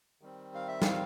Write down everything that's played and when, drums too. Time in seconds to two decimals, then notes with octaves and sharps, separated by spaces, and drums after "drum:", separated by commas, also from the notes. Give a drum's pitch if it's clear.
0.21 D#3 G3 C4
0.55 F5
0.68 E5
0.82 F5, drum: snare